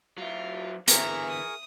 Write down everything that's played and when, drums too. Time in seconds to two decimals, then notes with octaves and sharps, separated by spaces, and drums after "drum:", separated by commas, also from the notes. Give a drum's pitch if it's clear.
0.18 F#3 E4 F4
0.88 D3 E3 B3 G#4 A#4 E5 A#5 C#6, drum: hi-hat
1.29 D#6